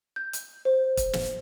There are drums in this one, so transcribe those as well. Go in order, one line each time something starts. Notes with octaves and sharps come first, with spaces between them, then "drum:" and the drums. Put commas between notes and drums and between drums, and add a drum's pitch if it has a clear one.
G6
drum: hi-hat
C5
drum: kick, hi-hat
drum: snare